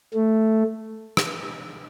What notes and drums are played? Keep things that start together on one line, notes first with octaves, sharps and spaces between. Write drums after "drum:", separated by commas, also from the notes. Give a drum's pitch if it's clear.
A3
drum: rim click